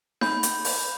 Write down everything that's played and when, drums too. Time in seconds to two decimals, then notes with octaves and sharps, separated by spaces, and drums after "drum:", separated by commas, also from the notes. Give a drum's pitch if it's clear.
0.21 B5 G6, drum: snare D#4
0.43 drum: hi-hat
0.64 drum: open hi-hat